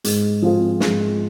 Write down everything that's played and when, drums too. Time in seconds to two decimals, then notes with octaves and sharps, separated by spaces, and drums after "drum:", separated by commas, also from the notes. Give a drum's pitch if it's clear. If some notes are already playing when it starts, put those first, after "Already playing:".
0.04 G#2, drum: hi-hat
0.42 F3 C4 F4 G#4
0.80 G#2, drum: snare